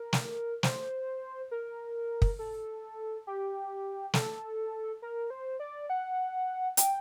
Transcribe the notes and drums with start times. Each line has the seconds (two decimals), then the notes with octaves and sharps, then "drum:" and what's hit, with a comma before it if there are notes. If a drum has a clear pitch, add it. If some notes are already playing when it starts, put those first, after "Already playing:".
Already playing: A#4
0.13 drum: snare
0.63 C5, drum: snare
1.51 A#4
2.22 drum: kick
2.39 A4
3.27 G4
4.14 A4, drum: snare
5.02 A#4
5.30 C5
5.60 D5
5.90 F#5
6.77 G5, drum: hi-hat